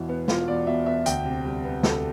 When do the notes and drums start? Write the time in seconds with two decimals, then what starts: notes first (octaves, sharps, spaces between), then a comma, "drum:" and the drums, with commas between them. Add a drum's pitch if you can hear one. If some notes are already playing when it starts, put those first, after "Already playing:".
Already playing: E1 E2 B2 E4
0.09 B3
0.28 E1 F4, drum: snare
0.47 E2 D5
0.67 B2 E5
0.86 B3 E5
1.06 D2 G5, drum: hi-hat
1.25 C3
1.45 G3
1.64 B3
1.83 D2 A4, drum: snare